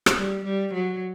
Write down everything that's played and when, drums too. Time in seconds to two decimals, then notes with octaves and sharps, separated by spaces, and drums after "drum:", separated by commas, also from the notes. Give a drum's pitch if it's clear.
0.06 drum: rim click
0.16 G3
0.44 G3
0.74 F#3